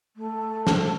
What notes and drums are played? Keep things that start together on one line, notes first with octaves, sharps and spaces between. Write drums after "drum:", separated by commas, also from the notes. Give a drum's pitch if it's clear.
A3
drum: snare